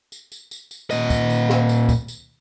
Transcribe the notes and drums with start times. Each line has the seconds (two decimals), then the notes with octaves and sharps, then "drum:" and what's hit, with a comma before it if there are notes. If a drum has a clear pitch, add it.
0.12 drum: tambourine
0.32 drum: tambourine
0.51 drum: tambourine
0.71 drum: tambourine
0.91 A#2 D#5, drum: tambourine
1.10 drum: kick, tambourine
1.30 drum: tambourine
1.49 drum: snare
1.69 drum: tambourine
1.89 drum: kick, tambourine
2.08 drum: tambourine